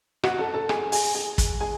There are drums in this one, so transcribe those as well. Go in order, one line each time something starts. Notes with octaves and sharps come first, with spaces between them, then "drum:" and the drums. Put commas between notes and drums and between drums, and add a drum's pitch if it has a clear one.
F#4 F#5, drum: rim click
A4 A5
A4 A5
G#4 G#5, drum: rim click
G#4 G#5, drum: open hi-hat
G#4 G#5
drum: kick, hi-hat
G#4 G#5